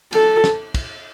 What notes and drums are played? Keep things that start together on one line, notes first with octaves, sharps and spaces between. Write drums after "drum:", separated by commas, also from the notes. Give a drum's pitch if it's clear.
A4, drum: cymbal
drum: snare
drum: kick, cymbal